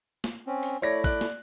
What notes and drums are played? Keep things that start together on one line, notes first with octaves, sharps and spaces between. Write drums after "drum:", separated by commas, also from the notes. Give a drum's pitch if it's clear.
drum: snare
C4 C#4
drum: open hi-hat
A3 E4 C#5 D5 A#6
D5 F#6, drum: kick, open hi-hat
drum: snare